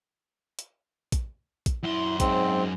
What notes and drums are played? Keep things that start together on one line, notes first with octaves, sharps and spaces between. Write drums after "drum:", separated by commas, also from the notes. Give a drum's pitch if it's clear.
drum: hi-hat
drum: kick A#1, hi-hat
drum: kick A#1, hi-hat
F#2 E4 C6
G#2 C4, drum: kick A#1, hi-hat